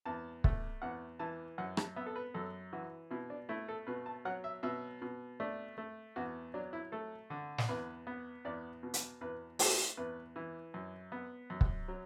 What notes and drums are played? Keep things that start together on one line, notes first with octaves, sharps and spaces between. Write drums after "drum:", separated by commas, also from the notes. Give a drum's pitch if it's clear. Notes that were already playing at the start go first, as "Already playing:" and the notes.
E2 A5
A3, drum: kick
E2 F#5
E3 A5
F#2 F#5
A5, drum: rim click
B3 E5
A4
B4
F#2 A4
E3 F#4
B2 E4
D4
A3 E4
A4
B2 B4
A5
F#3 F#5
E5
B2 E5
B2
A3 D4
A3
E2 F#4
F#3 D4
E4
A3 A4
D3
drum: snare
E2 B4
B3
E2 D5
B2
drum: hi-hat
E2 B4
A3 A4, drum: open hi-hat
E2 B4
E3
F#2
B3
F#2
drum: kick
F#3